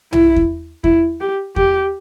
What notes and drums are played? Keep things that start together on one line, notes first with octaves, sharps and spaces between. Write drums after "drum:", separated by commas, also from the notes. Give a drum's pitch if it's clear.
E4, drum: tom B1
drum: kick E2
E4, drum: kick E2
G4
G4, drum: kick E2